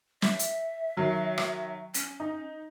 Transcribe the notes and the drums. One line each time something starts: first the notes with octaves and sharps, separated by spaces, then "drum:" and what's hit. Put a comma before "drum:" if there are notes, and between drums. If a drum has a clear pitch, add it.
E5, drum: snare
drum: hi-hat
D#3 F#3 C7
drum: rim click
C#4, drum: hi-hat
D#4